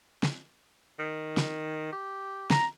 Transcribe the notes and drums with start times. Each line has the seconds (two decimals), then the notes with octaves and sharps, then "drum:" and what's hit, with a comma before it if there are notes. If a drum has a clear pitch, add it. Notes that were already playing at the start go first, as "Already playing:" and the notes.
0.23 drum: snare
0.99 D#3
1.37 drum: snare
1.92 G4
2.50 A#5, drum: snare